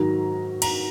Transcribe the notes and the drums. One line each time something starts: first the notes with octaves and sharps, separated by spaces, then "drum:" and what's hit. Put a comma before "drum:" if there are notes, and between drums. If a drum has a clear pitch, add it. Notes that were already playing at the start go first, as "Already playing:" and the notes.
Already playing: G#2 D#3 F#3 A#5
A#5, drum: cymbal